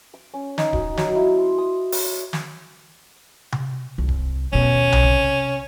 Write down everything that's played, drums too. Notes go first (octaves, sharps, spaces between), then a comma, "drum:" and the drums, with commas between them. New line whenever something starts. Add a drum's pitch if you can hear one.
D6
C#4
D#4, drum: snare
F#4, drum: kick D1
F#3, drum: snare
E4
C6
D#6
C#5, drum: open hi-hat
drum: snare
drum: tom C3
C2
drum: kick D1
D#2 B2 C#4
drum: tom B1
C3